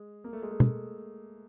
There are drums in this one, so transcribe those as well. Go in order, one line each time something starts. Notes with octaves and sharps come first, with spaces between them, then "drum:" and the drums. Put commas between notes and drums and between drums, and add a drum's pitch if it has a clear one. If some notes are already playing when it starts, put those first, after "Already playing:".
Already playing: G#3
A#3
A3
G#3
A3
drum: tom B2